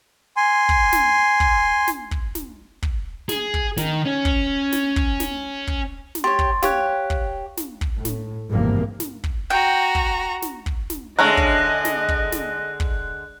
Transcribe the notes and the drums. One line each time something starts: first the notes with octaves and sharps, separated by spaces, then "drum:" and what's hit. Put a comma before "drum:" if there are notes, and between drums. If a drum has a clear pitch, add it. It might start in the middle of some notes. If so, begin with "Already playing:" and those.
G#5 C6
drum: kick
drum: snare
drum: kick
drum: snare
drum: kick
drum: snare
drum: kick
G#4, drum: snare
drum: kick
D#3, drum: snare
C#4
drum: kick
drum: snare
drum: kick
drum: snare
drum: kick
drum: snare
G4 C#5 C6 A6
drum: kick
G4 C#5 F5 G5 F#6, drum: snare
drum: kick
drum: snare
drum: kick
A2
drum: snare
G#1 E2 G2 C3 A#3
drum: snare
drum: kick
F#4 G5 A#5
drum: kick
drum: snare
drum: kick
drum: snare
D3 G#3 A3 C#4 D#5 A#5 F#6
drum: kick
drum: snare
drum: kick
drum: snare
drum: kick